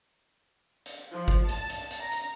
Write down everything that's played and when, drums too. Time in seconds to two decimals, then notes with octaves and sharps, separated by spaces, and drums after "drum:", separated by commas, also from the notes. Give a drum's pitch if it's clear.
0.86 drum: hi-hat
1.11 F3
1.28 drum: kick G#1
1.49 A5, drum: hi-hat
1.70 drum: hi-hat
1.91 drum: hi-hat
2.00 A#5
2.12 drum: hi-hat